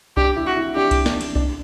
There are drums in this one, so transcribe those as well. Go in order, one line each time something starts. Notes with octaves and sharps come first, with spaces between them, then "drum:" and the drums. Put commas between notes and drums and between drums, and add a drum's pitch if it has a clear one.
D4 G4, drum: kick B1
E4
F#4
E4
D4 G4
drum: kick B1, cymbal
D4, drum: snare
drum: cymbal
D4, drum: kick B1